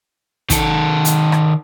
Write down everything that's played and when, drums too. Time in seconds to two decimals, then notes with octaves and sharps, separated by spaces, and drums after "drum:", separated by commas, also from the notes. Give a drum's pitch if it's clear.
0.50 D#3 A4, drum: kick, hi-hat
1.05 drum: hi-hat
1.32 drum: rim click